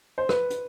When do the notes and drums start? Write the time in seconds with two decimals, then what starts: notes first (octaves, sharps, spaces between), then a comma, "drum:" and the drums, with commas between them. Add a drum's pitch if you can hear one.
0.18 C5
0.29 B4, drum: rim click
0.50 drum: hi-hat